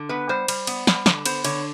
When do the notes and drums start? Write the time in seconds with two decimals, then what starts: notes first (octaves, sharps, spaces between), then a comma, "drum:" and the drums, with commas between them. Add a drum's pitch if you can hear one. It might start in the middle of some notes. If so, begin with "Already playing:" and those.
Already playing: D3
0.09 B3 B4
0.29 G3 C5
0.48 G3, drum: cymbal
0.67 B3, drum: cymbal
0.87 G3, drum: snare
1.06 D3, drum: snare
1.26 B3 C5, drum: cymbal
1.45 D3 C#5, drum: cymbal